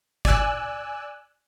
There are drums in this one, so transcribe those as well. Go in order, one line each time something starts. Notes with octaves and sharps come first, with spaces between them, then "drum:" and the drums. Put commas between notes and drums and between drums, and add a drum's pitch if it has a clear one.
D5 G#5 E6 F#6, drum: kick